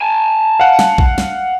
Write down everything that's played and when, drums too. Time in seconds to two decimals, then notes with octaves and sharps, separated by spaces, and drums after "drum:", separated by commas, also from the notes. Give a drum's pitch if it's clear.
0.01 G#5 A5
0.60 F5 F#5
0.79 drum: snare
0.98 drum: kick
1.18 drum: snare